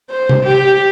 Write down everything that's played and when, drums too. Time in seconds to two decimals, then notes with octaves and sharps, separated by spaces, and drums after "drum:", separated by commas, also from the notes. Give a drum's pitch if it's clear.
0.11 C5
0.29 drum: tom C3
0.43 G4